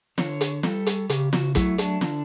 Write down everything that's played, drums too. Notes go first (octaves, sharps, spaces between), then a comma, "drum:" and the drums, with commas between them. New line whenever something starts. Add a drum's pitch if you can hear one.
D3 C#5, drum: snare
drum: hi-hat
G3 A4, drum: snare
drum: hi-hat
C#3 G4, drum: hi-hat
F#4, drum: snare
F#3 A3 E4, drum: kick, hi-hat
D4, drum: hi-hat
D3, drum: snare